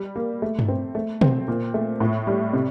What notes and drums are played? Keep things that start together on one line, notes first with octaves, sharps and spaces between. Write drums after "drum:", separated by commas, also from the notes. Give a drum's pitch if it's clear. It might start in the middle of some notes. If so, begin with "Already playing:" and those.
Already playing: G3
A#3
A3
drum: tom G2
C4
A3
C4, drum: tom B2
A#2
A3
A2
G3
C3